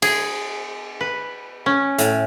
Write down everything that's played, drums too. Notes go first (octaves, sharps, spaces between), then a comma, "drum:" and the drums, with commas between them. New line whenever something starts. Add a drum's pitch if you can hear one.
G#4, drum: cymbal
B4
C#4
A2, drum: hi-hat